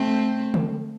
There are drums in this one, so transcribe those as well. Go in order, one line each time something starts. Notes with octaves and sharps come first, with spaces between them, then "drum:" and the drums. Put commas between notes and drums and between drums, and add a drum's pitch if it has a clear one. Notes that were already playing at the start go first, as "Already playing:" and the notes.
Already playing: A3 C4
drum: tom D3